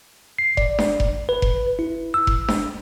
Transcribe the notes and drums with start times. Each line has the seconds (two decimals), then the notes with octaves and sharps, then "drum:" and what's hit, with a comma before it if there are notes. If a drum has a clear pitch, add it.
0.39 C7
0.57 D5, drum: kick F1
0.79 drum: snare D4
1.00 drum: kick F1
1.29 B4
1.42 drum: kick F1
1.79 E4
2.14 E6
2.27 drum: kick F1
2.48 drum: snare D4